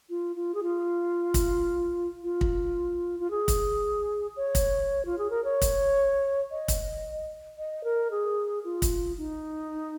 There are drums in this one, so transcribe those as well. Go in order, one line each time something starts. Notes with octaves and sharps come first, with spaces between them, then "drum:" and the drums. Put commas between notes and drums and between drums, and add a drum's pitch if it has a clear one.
F4
F4
G#4
F4
drum: kick, hi-hat
F4
drum: kick
F4
G#4
drum: kick, hi-hat
C#5
drum: kick, hi-hat
F4
G#4
A#4
C#5
drum: kick, hi-hat
D#5
drum: kick, hi-hat
D#5
A#4
G#4
F4
drum: kick, hi-hat
D#4